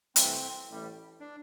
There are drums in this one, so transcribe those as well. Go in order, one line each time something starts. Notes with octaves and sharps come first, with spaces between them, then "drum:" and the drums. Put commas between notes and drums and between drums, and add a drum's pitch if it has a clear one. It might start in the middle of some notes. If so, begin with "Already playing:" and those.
C2 C3 E3 A3 C4, drum: hi-hat
A1 A2 G3
D4